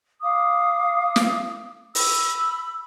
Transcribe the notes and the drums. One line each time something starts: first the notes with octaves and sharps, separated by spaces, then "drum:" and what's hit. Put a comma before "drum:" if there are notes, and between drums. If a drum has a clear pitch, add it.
F5 D6 D#6
drum: snare
B5 E6, drum: open hi-hat